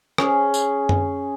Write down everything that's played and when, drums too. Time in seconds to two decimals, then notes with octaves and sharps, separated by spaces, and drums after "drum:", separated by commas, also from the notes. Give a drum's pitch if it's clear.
0.18 C#4 G#4, drum: rim click
0.54 drum: tambourine
0.89 drum: tom F#2